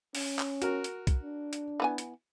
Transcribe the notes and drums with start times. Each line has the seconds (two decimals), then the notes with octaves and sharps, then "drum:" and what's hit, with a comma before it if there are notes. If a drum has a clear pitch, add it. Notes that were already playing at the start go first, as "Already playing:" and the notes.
0.15 C#4, drum: open hi-hat
0.39 drum: clap
0.62 F#4 A#4, drum: hi-hat
0.84 drum: hi-hat
1.07 drum: kick B1, hi-hat
1.23 D4
1.53 drum: hi-hat
1.80 E3 B3 G#5
1.98 drum: hi-hat